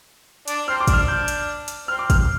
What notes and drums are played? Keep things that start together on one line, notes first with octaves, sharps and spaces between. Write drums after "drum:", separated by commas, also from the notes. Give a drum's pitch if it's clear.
D4 D5, drum: hi-hat
C4 C5 F6
D6
D4, drum: kick, hi-hat
F6
G6
drum: hi-hat
drum: hi-hat
C4 F6
D6
F6, drum: kick, hi-hat